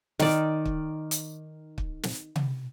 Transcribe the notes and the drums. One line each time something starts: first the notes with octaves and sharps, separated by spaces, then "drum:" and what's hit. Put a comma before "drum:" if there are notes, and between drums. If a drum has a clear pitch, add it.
D#3 D5, drum: snare
drum: kick
drum: hi-hat
drum: kick
drum: snare
drum: tom C3